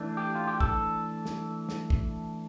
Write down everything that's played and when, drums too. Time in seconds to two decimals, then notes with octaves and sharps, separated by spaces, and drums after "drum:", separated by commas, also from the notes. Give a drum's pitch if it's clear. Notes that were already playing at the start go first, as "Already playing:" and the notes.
Already playing: E3 A3 D4
0.17 G4
0.35 F4
0.48 G4
0.60 A4, drum: kick
1.25 drum: snare
1.69 drum: snare
1.90 drum: kick